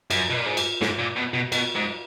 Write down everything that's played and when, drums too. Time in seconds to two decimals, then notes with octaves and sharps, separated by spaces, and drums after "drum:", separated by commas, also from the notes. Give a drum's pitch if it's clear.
0.10 F#2, drum: cymbal
0.30 B2
0.37 A#2
0.46 G#2
0.57 drum: cymbal
0.81 G#2, drum: snare
0.99 A#2
1.17 B2
1.34 B2
1.52 B2, drum: cymbal
1.75 G#2